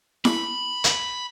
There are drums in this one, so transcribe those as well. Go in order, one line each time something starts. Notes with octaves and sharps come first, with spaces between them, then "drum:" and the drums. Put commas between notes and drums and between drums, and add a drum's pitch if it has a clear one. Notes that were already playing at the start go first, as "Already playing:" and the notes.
B5, drum: snare E4
drum: hi-hat